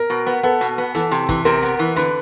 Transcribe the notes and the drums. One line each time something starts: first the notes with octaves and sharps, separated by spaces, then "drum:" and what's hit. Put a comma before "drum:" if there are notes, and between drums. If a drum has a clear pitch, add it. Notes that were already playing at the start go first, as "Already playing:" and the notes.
Already playing: A#4
B2
B3
B3 A4
B2, drum: hi-hat
B3
E3 A4, drum: hi-hat
C3, drum: hi-hat
E3, drum: kick, hi-hat
C3 A#4
B3, drum: hi-hat
E3
D3 B4, drum: hi-hat